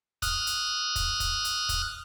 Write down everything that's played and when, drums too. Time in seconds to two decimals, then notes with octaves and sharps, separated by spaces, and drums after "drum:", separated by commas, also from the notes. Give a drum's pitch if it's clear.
0.22 D#6 F6 F#6, drum: kick, hi-hat
0.47 drum: hi-hat
0.96 drum: kick, hi-hat
1.20 drum: kick, hi-hat
1.44 drum: hi-hat
1.69 drum: kick, hi-hat